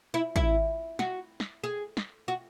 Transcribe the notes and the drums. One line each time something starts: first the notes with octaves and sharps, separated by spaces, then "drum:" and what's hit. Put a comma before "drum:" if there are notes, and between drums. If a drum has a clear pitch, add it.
E4
E4, drum: kick
F#4, drum: snare
drum: snare
G#4
drum: snare
F#4